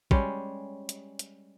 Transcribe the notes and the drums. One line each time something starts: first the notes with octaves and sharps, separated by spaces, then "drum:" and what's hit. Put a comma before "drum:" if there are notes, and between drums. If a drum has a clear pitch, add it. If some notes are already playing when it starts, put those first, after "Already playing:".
G3 G#3 C#4, drum: kick
drum: hi-hat
drum: hi-hat